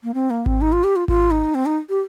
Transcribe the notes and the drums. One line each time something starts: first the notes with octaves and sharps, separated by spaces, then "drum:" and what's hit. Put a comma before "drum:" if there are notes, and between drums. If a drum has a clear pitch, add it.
A#3
C4
A#3
C4, drum: kick G#1
D#4
F4
G4
F4
F4, drum: kick G#1
D#4
C4
D#4
G4